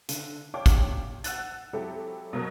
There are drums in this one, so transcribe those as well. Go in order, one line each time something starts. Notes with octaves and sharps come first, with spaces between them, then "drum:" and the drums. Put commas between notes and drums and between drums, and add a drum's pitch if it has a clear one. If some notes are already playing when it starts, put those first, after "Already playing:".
D3, drum: hi-hat
C#5 D5 F5 G5 A5 D6
drum: kick, hi-hat
F#5 E6 F#6 A6, drum: hi-hat
F#3 G#3 C4 E4 G4 A4
B2 F#3 A#4 D#6